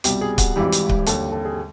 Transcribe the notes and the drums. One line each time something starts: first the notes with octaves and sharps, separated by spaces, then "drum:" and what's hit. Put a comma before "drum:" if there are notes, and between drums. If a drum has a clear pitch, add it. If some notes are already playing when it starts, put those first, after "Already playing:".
C2 B2 G3 G4, drum: hi-hat
G#4
F#4, drum: kick C#1, hi-hat
G#1 G#2 E3 G3 G4
drum: hi-hat
drum: kick C#1
D#2 D3 G3 A4, drum: hi-hat
A4
G#4